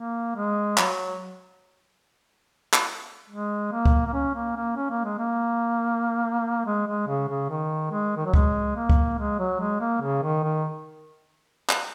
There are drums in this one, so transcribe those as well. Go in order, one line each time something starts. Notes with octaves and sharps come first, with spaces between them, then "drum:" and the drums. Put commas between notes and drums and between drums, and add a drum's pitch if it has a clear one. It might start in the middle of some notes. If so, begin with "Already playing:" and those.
Already playing: A#3
G#3
F#3, drum: clap
drum: clap
G#3
A#3
drum: kick C#2
A#3
C#4
A#3
A#3
C#4
A#3
G#3
A#3
G#3
G#3
C#3
C#3
D#3
G#3
D#3
F#3
G#3, drum: kick C#2
A#3
drum: kick C#2
G#3
F#3
G#3
A#3
C#3
D#3
D#3
drum: clap